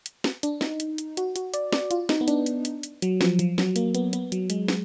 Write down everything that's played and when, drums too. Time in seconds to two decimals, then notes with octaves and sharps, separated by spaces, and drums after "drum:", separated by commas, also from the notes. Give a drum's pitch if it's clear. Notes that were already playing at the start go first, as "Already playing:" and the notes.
0.06 drum: hi-hat
0.24 drum: snare
0.43 D4, drum: hi-hat
0.61 D#4, drum: snare
0.80 drum: hi-hat
0.98 drum: hi-hat
1.17 F#4, drum: hi-hat
1.36 F#4, drum: hi-hat
1.54 D5, drum: hi-hat
1.73 D5, drum: snare
1.91 F4, drum: hi-hat
2.09 D#4, drum: snare
2.21 B3
2.28 D4, drum: hi-hat
2.46 drum: hi-hat
2.65 drum: hi-hat
2.83 drum: hi-hat
3.02 F#3, drum: hi-hat
3.21 F3, drum: snare
3.39 F3, drum: hi-hat
3.58 F#3, drum: snare
3.76 A#3, drum: hi-hat
3.95 B3, drum: hi-hat
4.13 B3, drum: hi-hat
4.32 F#3, drum: hi-hat
4.50 G#3, drum: hi-hat
4.68 drum: snare